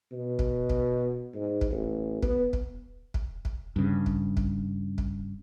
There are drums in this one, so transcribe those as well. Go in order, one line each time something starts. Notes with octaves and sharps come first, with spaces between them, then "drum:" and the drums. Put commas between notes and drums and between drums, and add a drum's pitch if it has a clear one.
B2
drum: kick
drum: kick
G#2
drum: kick
A1
B3, drum: kick
drum: kick
drum: kick
drum: kick
G2 C#3
drum: kick
drum: kick
drum: kick